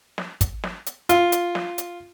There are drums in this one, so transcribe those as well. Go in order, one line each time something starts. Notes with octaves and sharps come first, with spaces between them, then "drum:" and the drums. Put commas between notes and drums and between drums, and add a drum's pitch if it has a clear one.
drum: snare
drum: kick, hi-hat
drum: snare
drum: hi-hat
F4, drum: hi-hat
drum: hi-hat
drum: snare
drum: hi-hat